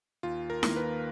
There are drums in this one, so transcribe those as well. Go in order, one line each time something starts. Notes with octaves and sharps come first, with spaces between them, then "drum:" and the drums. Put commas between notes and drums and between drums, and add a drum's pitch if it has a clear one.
D#2 F4
A#4
D#3 A#3, drum: snare E4
B4